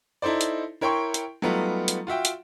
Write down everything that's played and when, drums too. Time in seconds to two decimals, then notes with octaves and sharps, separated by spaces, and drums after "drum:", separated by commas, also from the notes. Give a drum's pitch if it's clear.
0.22 D#4 E4 A4 C5 D5
0.41 drum: hi-hat
0.81 E4 A#4 C#5 G5 C6 C#6
1.14 drum: hi-hat
1.42 F#3 G3 A3 B3 D#4 F4
1.88 drum: hi-hat
2.07 F4 F#4 E5 G5
2.25 drum: hi-hat